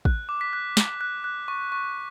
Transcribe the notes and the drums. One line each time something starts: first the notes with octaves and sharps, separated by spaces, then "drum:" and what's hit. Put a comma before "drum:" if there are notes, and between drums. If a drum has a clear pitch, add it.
F#6, drum: kick
D6
B6
F#6
D6, drum: snare
F#6
F#6
C#6
C#6